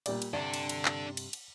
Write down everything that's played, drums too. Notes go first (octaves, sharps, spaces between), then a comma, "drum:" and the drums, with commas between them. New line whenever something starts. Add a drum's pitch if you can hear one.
A#2 G3 D5, drum: cymbal
drum: cymbal
G2 C3 D4 A4 D5
drum: cymbal
drum: cymbal
drum: clap
drum: cymbal
drum: cymbal